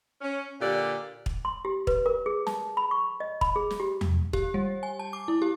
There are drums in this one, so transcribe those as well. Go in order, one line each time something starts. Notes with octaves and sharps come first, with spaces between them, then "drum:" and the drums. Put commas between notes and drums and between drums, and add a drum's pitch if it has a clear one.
C#4
A#2 D3 G4 D5
drum: kick
C6
G4
B4, drum: kick
A#4
G#4
A5, drum: snare
B5
C#6
D#5
B5, drum: kick
G#4
drum: snare
G4
drum: tom E2
G4, drum: kick
G3
G#5
A5
D6
E4
G4